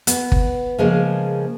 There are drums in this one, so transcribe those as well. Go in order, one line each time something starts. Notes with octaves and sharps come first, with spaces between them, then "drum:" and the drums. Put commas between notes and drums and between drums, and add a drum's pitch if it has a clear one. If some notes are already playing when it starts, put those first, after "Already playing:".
B3, drum: hi-hat
drum: kick
C#3 F3 G#3 A#3